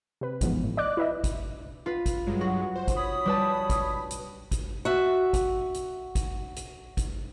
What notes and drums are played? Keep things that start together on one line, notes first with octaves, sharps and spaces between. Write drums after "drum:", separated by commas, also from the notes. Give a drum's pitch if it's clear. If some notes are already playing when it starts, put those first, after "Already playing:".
C3 B4
G#2 E3 F3 B3, drum: kick, hi-hat
A2
D5 D#5 D6 F#6
E4 B4 D#5 E5
drum: kick, hi-hat
F4 B4
drum: kick, hi-hat
G2 F#3 G#3
F#4
C5
drum: kick, hi-hat
C#5 B5 D#6
G3 B4 A5
drum: kick, hi-hat
drum: hi-hat
drum: kick, hi-hat
F#4 E5
drum: kick, hi-hat
drum: hi-hat
drum: kick, hi-hat
drum: hi-hat
drum: kick, hi-hat